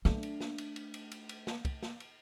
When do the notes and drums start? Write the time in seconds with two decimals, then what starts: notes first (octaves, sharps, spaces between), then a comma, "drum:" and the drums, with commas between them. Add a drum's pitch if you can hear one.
0.05 A3 D4, drum: snare
0.23 drum: cymbal
0.41 drum: snare
0.58 drum: cymbal
0.76 drum: cymbal
0.94 drum: cymbal
1.12 drum: cymbal
1.29 drum: cymbal
1.47 drum: snare
1.65 drum: kick, cymbal
1.83 drum: snare
2.00 drum: cymbal